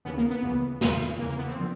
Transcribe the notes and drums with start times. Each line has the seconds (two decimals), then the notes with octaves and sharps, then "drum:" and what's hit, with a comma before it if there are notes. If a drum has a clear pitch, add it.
0.05 D#2 C#3 E3 B3
0.18 A#3
0.30 B3
0.43 C#2 C#3 E3
0.81 E2 C3 D#3, drum: snare
1.19 E2 C#3 E3 A#3
1.29 A#3
1.38 B3
1.48 C4
1.57 D3 F3